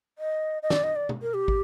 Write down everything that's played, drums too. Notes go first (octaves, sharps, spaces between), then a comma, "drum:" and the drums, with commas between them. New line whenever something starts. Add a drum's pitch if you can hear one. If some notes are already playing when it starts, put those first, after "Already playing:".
D#5
D#5
D5, drum: snare
D#5
D5
drum: tom B2
A#4
G4
drum: kick